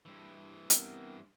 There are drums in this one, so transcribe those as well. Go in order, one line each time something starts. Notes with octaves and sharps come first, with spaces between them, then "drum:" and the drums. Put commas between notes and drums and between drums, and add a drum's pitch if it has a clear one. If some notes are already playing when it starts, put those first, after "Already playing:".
G2 E3
B3 C4 A#4, drum: hi-hat